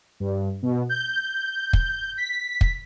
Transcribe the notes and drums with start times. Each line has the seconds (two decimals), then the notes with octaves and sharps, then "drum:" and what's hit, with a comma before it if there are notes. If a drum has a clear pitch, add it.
0.20 G2
0.63 B2
0.89 G6
1.73 drum: kick
2.18 B6
2.61 drum: kick